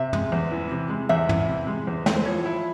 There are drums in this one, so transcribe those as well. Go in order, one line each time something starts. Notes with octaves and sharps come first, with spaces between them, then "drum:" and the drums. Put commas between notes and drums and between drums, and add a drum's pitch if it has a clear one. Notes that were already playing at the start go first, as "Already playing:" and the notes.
Already playing: C3 E5
G#3, drum: tom
E2
E3
C3
G#3
E2 E5
E3, drum: tom
C3
G#3
E2
E3, drum: snare
C5
F3 C#5
E4